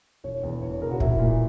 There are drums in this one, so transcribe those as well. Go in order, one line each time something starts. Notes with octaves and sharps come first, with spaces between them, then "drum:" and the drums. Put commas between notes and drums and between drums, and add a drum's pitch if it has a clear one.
E1 C#5
E2
E1 C#5
C#3 A#4
F#4
A#1 E4, drum: kick
A#2